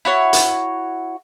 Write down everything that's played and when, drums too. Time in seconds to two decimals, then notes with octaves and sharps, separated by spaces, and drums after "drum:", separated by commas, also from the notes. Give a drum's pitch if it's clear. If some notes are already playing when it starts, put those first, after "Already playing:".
0.05 E4 F#4 C#5
0.33 drum: hi-hat